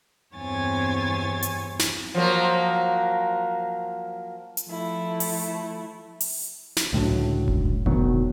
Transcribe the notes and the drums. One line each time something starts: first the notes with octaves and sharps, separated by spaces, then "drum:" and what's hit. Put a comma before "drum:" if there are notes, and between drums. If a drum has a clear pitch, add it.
E2 G2 C4 C#5 G#5 A6
drum: hi-hat
drum: snare
F3 F#3 A#3
drum: hi-hat
F3 A3 E4
drum: open hi-hat
drum: open hi-hat
drum: snare
C#2 A2 D3 F#3
drum: kick F1
D2 B2 D#3 F#3, drum: kick F1